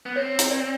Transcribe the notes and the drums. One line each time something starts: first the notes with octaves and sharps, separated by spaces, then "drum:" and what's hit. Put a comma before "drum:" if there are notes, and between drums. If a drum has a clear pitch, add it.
B3
C4 C#5
drum: hi-hat
D5